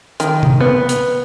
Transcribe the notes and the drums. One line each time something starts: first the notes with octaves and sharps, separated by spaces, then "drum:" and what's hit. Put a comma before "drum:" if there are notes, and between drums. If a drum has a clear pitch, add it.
D#3, drum: hi-hat
drum: tom C3
B3
drum: hi-hat